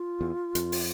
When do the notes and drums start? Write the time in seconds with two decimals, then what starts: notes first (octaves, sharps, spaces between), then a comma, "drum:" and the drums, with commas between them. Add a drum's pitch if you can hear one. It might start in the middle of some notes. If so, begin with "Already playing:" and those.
Already playing: F4
0.21 E2
0.55 F2, drum: hi-hat
0.72 drum: open hi-hat